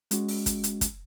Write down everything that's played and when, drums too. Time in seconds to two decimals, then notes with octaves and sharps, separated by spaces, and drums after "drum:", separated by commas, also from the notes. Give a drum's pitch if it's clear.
0.11 G#3 C#4 F#4, drum: hi-hat
0.28 drum: open hi-hat
0.46 drum: kick, hi-hat
0.64 drum: hi-hat
0.81 drum: kick, hi-hat